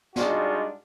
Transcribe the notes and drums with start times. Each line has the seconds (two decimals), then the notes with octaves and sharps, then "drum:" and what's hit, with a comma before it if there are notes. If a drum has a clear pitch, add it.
0.16 G3 G#3 D4 D#4 F4 F#4, drum: snare